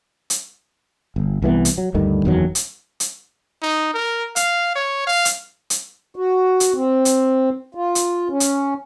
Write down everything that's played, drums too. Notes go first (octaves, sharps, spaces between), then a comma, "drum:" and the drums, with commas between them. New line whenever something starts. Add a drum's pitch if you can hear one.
drum: hi-hat
G1
C2 E3 F#3 B3
drum: hi-hat
F#3
D2 G2 D3 D#3
F#1 E2 D#3 F#3
drum: hi-hat
drum: hi-hat
D#4
A#4
F5, drum: hi-hat
C#5
F5
drum: hi-hat
drum: hi-hat
F#4
drum: hi-hat
C4
drum: hi-hat
F4
drum: hi-hat
C#4
drum: hi-hat